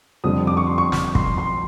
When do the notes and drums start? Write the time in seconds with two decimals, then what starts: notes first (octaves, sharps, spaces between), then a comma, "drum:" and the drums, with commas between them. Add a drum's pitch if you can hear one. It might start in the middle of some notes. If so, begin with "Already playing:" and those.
0.24 F2 D3 G3 D#6
0.47 D6
0.57 C#6
0.67 C6
0.78 C#6
0.92 drum: snare
1.15 C6, drum: kick
1.38 C6